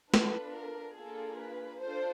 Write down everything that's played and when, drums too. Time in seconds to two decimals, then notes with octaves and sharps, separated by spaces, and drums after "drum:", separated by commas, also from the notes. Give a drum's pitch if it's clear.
0.14 B3 D4 F4 A4 B4, drum: snare
0.56 A#4
0.97 A#3 D4 F4 G#4 A4
1.41 B4
1.82 D4 F4 A4 C5